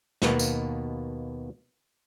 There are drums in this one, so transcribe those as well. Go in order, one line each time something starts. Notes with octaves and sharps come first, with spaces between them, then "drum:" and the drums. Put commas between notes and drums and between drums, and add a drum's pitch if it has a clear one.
D#2 B2 A#3 B3, drum: snare
drum: tambourine